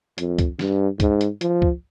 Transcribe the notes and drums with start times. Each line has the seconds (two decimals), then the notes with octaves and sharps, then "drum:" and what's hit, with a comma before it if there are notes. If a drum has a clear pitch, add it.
0.18 F2, drum: hi-hat
0.39 drum: kick C#2, hi-hat
0.59 G2, drum: snare
1.00 G#2, drum: kick C#2, hi-hat
1.21 drum: hi-hat
1.41 F3, drum: hi-hat
1.62 drum: kick C#2